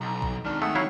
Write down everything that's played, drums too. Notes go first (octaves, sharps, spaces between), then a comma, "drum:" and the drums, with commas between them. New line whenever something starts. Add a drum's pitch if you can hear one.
B1 A#5
drum: kick A#1
D#3 G#3 D4 A#4
A3 G#4 F#5 E6
F#3 E4 C#5 F5 C#6